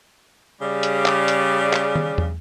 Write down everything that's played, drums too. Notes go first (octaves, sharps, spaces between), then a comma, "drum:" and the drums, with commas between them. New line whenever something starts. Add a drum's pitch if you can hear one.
C#3 G3
drum: hi-hat
drum: clap
drum: hi-hat
drum: clap
drum: tom
drum: tom